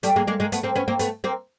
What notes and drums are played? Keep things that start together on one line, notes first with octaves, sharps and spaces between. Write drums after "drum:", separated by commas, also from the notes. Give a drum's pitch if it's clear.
G3 A3, drum: hi-hat
G#3 A#3
G#3 A#3
G#3 A#3
A3 B3, drum: hi-hat
A#3 C4
B3 C#4
A#3 C4
A3 B3, drum: hi-hat
A#3 C4